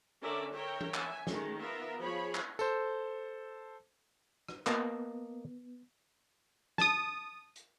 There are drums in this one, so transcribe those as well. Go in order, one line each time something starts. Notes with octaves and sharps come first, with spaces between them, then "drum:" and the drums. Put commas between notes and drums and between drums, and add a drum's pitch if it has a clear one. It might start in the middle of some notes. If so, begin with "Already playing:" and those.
D3 C#4 A#4 D5 E5
A#4 C#5 E5 G5
drum: tom
E5 G#5, drum: clap
D#3 G#3 A3 C#4, drum: snare
B3 F4 A#4 E5
F3 G#4 C#5 B5
drum: clap
A4 C5, drum: tambourine
drum: rim click
A#3 B3 D#5 A5, drum: clap
A5 D#6, drum: snare
drum: hi-hat